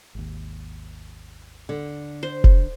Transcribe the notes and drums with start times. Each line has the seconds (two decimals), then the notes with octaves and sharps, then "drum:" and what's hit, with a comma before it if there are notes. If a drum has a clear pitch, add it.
0.15 G#1 D#2
1.69 D3
2.23 C5
2.44 drum: kick F1